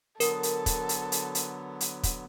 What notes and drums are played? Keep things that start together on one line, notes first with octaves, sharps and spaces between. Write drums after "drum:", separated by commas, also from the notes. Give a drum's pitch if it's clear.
D3 F#3 B3 A4 A#4, drum: hi-hat
drum: hi-hat
drum: kick, hi-hat
drum: hi-hat
drum: hi-hat
drum: hi-hat
drum: hi-hat
drum: kick, hi-hat